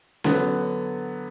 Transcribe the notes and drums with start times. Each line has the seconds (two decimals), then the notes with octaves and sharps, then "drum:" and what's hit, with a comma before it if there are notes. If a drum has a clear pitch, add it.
0.24 D3 F#3 B3, drum: snare C#4